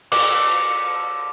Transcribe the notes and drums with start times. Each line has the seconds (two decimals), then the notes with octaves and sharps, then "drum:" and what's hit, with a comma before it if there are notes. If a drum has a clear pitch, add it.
0.12 D6, drum: cymbal